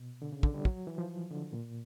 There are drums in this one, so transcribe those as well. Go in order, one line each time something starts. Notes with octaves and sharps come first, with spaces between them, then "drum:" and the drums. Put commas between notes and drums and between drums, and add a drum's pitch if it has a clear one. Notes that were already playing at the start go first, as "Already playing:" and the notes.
Already playing: B2
D3
C#3
D3, drum: kick
G3
F#3, drum: kick
E3
F3
D3
A#2